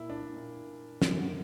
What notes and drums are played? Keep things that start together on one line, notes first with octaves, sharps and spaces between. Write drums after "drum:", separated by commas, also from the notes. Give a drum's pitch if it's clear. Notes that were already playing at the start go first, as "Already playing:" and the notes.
Already playing: A#2 A#3 E4
D4
A#2 A#3
F#2 D3 F#3 A#3, drum: snare